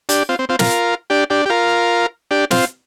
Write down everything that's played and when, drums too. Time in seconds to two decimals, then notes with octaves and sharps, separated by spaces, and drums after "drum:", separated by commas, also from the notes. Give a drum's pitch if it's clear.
0.09 D4 G4, drum: hi-hat
0.29 C4 F4
0.39 C4
0.49 C4 F4
0.59 F4 A#4, drum: snare
1.10 D4 G4
1.30 D4 G4
1.46 G4
1.50 F4 A#4
2.31 D4 G4
2.51 C4 F4, drum: snare